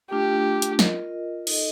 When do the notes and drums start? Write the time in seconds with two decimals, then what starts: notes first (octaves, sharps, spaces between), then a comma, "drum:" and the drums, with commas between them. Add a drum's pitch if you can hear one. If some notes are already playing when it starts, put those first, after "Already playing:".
0.11 A3 D4 F4 G4
0.62 drum: hi-hat
0.79 F4 A#4 D#5, drum: snare
1.47 D#4 A4 D#5, drum: cymbal